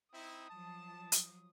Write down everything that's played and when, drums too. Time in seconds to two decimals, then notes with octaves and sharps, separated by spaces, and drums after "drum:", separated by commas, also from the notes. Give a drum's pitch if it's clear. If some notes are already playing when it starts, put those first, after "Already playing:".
0.14 C4 D#4 E4 D#6
0.50 F3 F#3 A5
1.12 drum: hi-hat